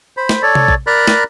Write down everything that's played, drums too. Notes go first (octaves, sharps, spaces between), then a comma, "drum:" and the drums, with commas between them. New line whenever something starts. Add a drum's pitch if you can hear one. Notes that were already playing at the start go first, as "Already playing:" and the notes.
C5 B5
drum: snare
A4 C#5 D5
drum: tom C3
drum: kick
A#4 D5 A#5 B5 F#6
drum: snare